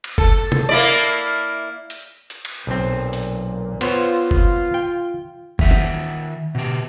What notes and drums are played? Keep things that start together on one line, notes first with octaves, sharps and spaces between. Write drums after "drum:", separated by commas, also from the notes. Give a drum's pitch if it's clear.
drum: cymbal
A4, drum: kick F#1
drum: tom
A#3 E4 D5
drum: tambourine
drum: hi-hat
drum: hi-hat
drum: cymbal
B1 A#2 C4
drum: hi-hat
B3 F4 C5 C#5, drum: cymbal
drum: kick F#1
G5
D#3 E5 F#5, drum: kick F#1
drum: tom
B2 G4